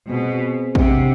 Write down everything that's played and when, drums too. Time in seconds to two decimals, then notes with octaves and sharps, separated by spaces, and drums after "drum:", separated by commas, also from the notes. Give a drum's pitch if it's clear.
0.09 B2 G#3 C4 F4 G#4 C5
0.75 C3 D4 G4 C5 D#5 F#5, drum: kick A1